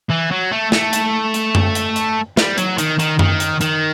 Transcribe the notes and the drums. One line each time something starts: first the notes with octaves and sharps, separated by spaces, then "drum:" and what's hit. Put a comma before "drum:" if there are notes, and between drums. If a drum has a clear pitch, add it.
E3
F#3
A3
A3, drum: snare
drum: hi-hat
drum: hi-hat
drum: tom F#2
drum: hi-hat
drum: hi-hat
G3, drum: snare
F#3, drum: hi-hat
D#3, drum: hi-hat
D#3, drum: hi-hat
D#3, drum: tom F#2
drum: hi-hat
D#3, drum: hi-hat